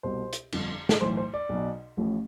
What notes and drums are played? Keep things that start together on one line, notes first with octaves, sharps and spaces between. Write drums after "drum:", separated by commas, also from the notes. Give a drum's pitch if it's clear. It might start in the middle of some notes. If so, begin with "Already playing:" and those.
C2 B2 C5
drum: hi-hat
G1 F2 D3 F3, drum: cymbal
drum: snare
B1 A2 E3 C5
C5
D5
B1 B2
A1 A2 F3